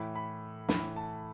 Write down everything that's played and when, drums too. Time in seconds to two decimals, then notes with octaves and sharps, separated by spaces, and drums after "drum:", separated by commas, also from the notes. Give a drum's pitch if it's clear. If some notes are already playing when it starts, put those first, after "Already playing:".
Already playing: A2 E3 B5
0.15 B5
0.69 A2 E3 B5, drum: snare
0.96 A5